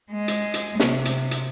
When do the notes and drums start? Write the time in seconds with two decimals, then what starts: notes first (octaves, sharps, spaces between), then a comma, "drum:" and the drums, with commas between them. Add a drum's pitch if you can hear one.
0.11 G#3
0.28 drum: hi-hat
0.54 drum: hi-hat
0.80 C3, drum: snare
1.05 drum: hi-hat
1.31 drum: hi-hat